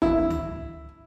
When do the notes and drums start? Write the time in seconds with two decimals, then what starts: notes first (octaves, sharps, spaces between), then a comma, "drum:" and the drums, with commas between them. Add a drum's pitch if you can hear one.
0.02 E4, drum: kick
0.30 drum: tom C#2